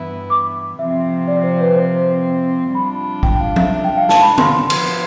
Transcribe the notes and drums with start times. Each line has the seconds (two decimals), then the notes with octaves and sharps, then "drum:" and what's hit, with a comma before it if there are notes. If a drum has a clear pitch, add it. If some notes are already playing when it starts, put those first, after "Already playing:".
Already playing: G2 E3 B3 E4 B4
0.30 D6
0.79 C3 F3 C4 E5
1.28 D5
1.44 C5
1.60 B4
1.76 C5
2.74 F2 C3 G3 D4 F4 B5
3.23 G5, drum: kick
3.40 F5
3.56 E5, drum: tom F3
3.72 E5
3.84 G5
3.97 F5
4.09 A5, drum: snare
4.21 B5
4.38 C6, drum: tom
4.54 C6
4.70 F3 B3 F4 C5, drum: cymbal